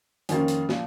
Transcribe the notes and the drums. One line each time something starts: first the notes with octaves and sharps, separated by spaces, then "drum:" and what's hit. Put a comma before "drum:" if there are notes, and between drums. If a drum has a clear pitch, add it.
F2 D#3 A#3 C#4 F4, drum: hi-hat
drum: hi-hat
A#2 F3, drum: snare